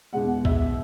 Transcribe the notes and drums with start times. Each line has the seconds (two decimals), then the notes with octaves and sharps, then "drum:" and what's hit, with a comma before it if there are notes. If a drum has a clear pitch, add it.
0.13 E2 B2 G#3 F#5
0.45 E5, drum: kick C2